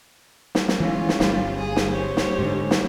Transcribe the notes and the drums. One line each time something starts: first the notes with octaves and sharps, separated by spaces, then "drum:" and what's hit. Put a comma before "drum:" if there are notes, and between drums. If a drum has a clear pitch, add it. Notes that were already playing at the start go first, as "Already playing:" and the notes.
drum: snare
drum: snare
E3 G#3 C#4 F4
drum: snare
G1 G3, drum: snare
G#4
drum: snare
G4 C5 C#5
drum: snare
G#2 D3
drum: snare